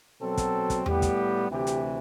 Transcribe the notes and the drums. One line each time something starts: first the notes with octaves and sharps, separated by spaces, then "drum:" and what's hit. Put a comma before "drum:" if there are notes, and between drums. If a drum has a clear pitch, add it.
B2 F#3 C4 A4
drum: kick, hi-hat
drum: kick, hi-hat
A2 G3 B3 G4, drum: tom E2
drum: kick, hi-hat
D2 C3 E3 G4
drum: hi-hat